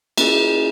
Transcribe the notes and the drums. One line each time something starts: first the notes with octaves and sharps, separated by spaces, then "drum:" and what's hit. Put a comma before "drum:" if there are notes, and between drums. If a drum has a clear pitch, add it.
A#3 C#4 E4 G#4, drum: cymbal